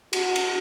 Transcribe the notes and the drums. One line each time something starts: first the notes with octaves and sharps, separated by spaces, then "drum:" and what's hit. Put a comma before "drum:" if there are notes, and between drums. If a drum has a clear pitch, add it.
F#4, drum: cymbal
drum: cymbal